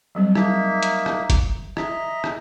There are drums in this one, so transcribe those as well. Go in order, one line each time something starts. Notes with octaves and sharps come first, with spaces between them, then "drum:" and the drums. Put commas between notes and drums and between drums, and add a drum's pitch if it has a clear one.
F#3 G3 C4
A#3 D#4 G#4 E5 A5, drum: rim click
drum: hi-hat
drum: rim click
drum: kick F#1, hi-hat
D#5 E5 A#5, drum: rim click
drum: rim click